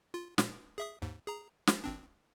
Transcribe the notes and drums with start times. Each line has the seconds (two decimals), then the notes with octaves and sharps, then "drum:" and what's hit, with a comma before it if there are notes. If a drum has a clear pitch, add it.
0.14 F4
0.38 A#2, drum: snare
0.78 G#4 E5 D#6
1.02 D#2 G#2
1.27 G#4 A#5
1.67 drum: snare
1.84 G#1 C4 D4